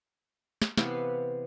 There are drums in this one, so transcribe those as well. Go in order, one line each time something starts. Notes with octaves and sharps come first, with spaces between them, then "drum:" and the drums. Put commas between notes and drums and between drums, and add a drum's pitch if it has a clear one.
drum: snare
C3 E3 B3 F5, drum: snare